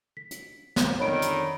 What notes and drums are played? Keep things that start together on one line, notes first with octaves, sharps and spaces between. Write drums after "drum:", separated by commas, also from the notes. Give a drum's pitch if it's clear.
B6
drum: hi-hat
drum: snare
F2 D3 D#3 C#5 B5 D7
drum: hi-hat